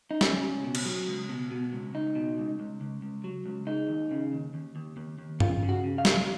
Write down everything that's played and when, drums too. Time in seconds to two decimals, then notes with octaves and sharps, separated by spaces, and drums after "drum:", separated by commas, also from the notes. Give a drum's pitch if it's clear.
0.11 D#4
0.21 C#2 C#4, drum: snare
0.43 C#2
0.64 B2
0.75 drum: cymbal
0.86 F#3
1.07 C#2
1.29 B2
1.51 B2
1.73 C#2
1.94 C#2 D#4
2.16 B2
2.38 C#2
2.60 C#2
2.81 C#2
3.02 C#2
3.24 F#3
3.46 C#2
3.67 G#3 D#4
3.89 D#2
4.11 C#3
4.33 D#2
4.54 D#2
4.76 D#2
4.97 D#2
5.19 D#2
5.40 C#3 F4, drum: tom G2
5.63 C#3
5.69 F#4
5.84 C#3
5.98 F5
6.05 D#2, drum: snare